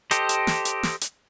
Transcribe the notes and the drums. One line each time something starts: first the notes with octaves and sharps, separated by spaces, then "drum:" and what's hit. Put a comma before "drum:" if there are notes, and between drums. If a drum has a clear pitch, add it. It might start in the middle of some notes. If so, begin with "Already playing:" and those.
G4 A4 C5 D#5, drum: hi-hat
drum: hi-hat
drum: snare
drum: hi-hat
drum: snare
drum: hi-hat